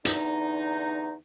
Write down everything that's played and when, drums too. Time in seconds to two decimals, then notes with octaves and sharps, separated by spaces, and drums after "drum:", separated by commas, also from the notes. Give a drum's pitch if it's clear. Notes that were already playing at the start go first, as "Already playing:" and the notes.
0.05 E2 D3 D#4, drum: hi-hat